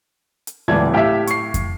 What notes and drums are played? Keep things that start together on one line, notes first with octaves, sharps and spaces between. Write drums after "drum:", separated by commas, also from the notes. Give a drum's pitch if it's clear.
drum: hi-hat
D1 C#2 E3 D5 A5 G#6
A2 G4 E5 F5 G5
C#6 C7, drum: hi-hat
drum: kick F2, hi-hat